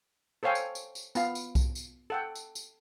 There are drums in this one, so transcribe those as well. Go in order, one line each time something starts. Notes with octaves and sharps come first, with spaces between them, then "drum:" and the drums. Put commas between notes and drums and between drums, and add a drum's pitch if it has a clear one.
A4 C5 C#5 F5 G5 G#5
drum: tambourine
drum: tambourine
drum: tambourine
B3 F4 F5, drum: tambourine
drum: tambourine
drum: kick B1, tambourine
drum: tambourine
A4 F#5 G5
drum: tambourine
drum: tambourine